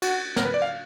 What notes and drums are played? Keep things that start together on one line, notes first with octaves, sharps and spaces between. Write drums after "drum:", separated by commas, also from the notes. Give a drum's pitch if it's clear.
F#4, drum: cymbal
A#4, drum: snare
B4
D5
F5